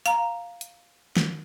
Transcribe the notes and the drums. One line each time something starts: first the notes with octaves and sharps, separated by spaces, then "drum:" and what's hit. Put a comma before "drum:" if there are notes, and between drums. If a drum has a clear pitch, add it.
F5 A#5, drum: hi-hat
drum: hi-hat
drum: snare